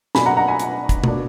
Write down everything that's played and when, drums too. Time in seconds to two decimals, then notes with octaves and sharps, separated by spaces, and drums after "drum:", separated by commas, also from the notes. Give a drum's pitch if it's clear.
0.15 B2 F#3 A#3 D4 G#5 B5, drum: snare
0.26 F#5 A#5
0.37 F#5 A#5
0.48 G#5 B5
0.59 drum: hi-hat
0.89 drum: kick, hi-hat
1.04 B2 A#3 D4, drum: tom